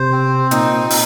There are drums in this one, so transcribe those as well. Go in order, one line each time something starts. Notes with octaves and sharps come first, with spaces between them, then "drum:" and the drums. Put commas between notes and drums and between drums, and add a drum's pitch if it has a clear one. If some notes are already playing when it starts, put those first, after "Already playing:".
Already playing: C3 C5
C4
A#2 D#4, drum: hi-hat
drum: open hi-hat